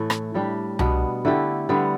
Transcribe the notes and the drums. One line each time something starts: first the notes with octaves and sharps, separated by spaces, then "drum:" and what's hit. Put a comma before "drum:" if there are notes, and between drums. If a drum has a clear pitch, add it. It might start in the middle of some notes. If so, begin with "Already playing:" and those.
Already playing: A2 E3 A3
drum: rim click
A2 G3 D4 G4
B2 B3 D4, drum: tom C2
D3 A3 E4 G4
D3 G3 B3